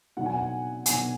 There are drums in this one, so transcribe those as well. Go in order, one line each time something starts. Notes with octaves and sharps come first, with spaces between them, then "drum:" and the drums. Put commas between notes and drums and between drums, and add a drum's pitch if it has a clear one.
B2 F#3 B3 D4 F#5
G#5
F#5
B2 F#3 B3 D4 G#5, drum: hi-hat